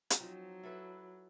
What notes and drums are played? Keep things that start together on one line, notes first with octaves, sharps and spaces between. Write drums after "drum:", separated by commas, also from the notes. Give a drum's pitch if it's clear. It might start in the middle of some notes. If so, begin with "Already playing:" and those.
drum: hi-hat
F3 F#3 C4 D#4
E4 A4 B4